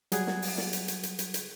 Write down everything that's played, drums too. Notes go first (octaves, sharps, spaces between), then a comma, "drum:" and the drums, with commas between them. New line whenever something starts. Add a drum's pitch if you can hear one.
F#3 G3 G#4 F#5 G#6, drum: hi-hat
drum: snare
drum: open hi-hat
drum: snare
drum: hi-hat
drum: hi-hat
drum: hi-hat
drum: hi-hat
drum: hi-hat